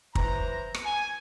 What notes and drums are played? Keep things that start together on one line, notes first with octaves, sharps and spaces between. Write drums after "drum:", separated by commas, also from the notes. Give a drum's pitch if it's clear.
E3 C5 A#5, drum: kick
drum: rim click
G#5